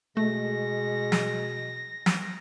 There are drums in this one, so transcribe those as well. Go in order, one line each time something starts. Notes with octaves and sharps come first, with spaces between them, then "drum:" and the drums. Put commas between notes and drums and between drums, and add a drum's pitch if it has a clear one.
B2 G#3 A3 A#6
drum: snare
drum: snare